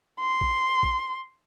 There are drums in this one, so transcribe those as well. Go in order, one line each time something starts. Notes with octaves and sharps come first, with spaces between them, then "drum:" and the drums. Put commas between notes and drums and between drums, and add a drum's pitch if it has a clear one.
C6
drum: kick A#1
drum: kick A#1